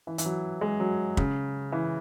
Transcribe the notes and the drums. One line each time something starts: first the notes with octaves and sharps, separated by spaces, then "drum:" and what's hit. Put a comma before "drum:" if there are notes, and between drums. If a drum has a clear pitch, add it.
E3
E3, drum: hi-hat
F#3
G#3
F#3
C#3, drum: kick
E3